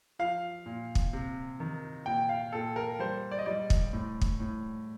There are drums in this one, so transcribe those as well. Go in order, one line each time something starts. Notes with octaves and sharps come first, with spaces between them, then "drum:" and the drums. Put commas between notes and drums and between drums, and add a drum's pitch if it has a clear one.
F3 F5
A#2
drum: kick
C3
D#3
A#2 G5
F5
A#2 A4
A#4
G3 C5
D5
D#5
G3 D5
drum: kick
A2
drum: kick
A2